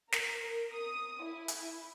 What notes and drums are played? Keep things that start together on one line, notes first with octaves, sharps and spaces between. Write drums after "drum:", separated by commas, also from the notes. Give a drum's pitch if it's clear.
A#4, drum: snare
D#6
E4
drum: hi-hat